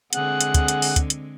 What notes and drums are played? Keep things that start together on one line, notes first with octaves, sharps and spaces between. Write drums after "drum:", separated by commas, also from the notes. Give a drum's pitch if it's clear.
D3 G#3 C4 G#4 F#5, drum: hi-hat
drum: hi-hat
drum: kick, hi-hat
drum: hi-hat
drum: open hi-hat
drum: kick, hi-hat
drum: hi-hat